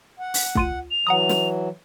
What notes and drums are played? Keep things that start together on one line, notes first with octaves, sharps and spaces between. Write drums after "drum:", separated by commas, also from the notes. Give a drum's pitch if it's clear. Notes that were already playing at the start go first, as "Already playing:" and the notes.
F#5
drum: open hi-hat
D2 F4 D#7, drum: kick C2
F7
E3 F#3 F#5 A#5 D#6
drum: snare